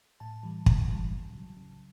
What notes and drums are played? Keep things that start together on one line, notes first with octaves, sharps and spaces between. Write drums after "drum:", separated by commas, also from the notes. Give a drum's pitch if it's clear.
A2 A5
E3 G3
A2, drum: kick
E3 G3
C#3
F#3
C#3